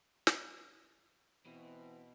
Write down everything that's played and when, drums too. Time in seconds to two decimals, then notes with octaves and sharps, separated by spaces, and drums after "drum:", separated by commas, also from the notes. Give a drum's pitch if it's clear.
0.27 drum: snare
1.46 B2 E3 C4